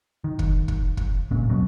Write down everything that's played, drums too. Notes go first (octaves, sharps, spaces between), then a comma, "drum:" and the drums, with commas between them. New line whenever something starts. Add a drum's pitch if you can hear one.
D#3
drum: kick
drum: kick
drum: kick
D1 C#2 A#2 C#4
E1 A#1 B2 F#3